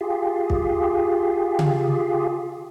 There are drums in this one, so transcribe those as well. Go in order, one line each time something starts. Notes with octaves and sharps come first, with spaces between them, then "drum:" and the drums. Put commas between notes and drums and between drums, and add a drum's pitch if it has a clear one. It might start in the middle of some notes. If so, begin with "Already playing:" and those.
F4 G4 G#4
drum: kick
drum: tom C#3